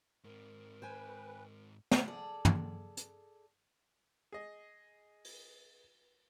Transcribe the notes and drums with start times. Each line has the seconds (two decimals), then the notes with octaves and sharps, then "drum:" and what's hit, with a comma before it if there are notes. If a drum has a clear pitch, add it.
0.24 G#2 C4 A#4
0.82 B4 C5 G5 G#5
1.91 drum: snare
2.08 G#4 A4 D5
2.45 drum: tom
2.97 drum: hi-hat
4.32 G#4 D#5
5.25 drum: open hi-hat